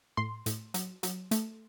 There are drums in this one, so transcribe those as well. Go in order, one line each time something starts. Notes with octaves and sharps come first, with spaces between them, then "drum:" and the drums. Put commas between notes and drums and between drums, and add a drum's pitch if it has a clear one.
A2 C6
A2, drum: hi-hat
F#3, drum: hi-hat
F#3, drum: hi-hat
A3, drum: hi-hat